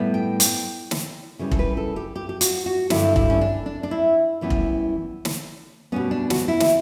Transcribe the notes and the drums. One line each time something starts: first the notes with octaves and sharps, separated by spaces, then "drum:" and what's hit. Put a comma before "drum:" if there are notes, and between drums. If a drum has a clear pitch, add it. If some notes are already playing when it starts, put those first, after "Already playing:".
Already playing: A2 G3 B3
G5
G5, drum: hi-hat
drum: snare
C#3 E3 G3
A4, drum: kick
B4
A4
G4
G4
G4
F#4, drum: hi-hat
F#4
G2 D3 G3 E4, drum: snare
E4, drum: kick
C#4
D4
D4
D4
E4
F#2 E3 G3 B3
drum: kick
drum: snare
B2 G3 B3 C#4
D4
F#4, drum: snare
E4
drum: snare